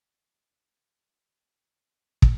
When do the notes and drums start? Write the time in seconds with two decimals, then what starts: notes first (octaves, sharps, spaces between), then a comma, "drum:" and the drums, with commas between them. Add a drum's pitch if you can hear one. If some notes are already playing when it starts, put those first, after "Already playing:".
1.14 F#4 G#4 G5
1.50 D#4 D#5
1.84 B3 D#4
2.22 drum: kick